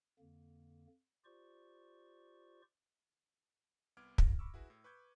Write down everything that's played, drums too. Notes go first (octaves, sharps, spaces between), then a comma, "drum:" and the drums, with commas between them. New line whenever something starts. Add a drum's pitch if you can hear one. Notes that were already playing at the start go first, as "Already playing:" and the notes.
F2 D3 A#3
F4 G4 C5 D5 C#6
C2 B3 D6 F6 G#6 D7
A#3 F4 A#6, drum: kick
B5 C#6 D6 E6
E4 F#4 G#4 B4
A2
B4 C#6 D6 G6 G#6